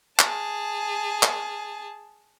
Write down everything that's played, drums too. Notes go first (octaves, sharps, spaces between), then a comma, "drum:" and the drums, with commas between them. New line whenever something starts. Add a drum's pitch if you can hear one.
G#4 A5, drum: clap
drum: clap